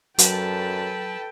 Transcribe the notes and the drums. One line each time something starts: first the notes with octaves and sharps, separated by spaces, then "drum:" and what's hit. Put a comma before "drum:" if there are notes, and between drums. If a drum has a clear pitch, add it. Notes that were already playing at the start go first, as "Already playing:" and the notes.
F#2 F#3 A4 B4 G5 A5, drum: hi-hat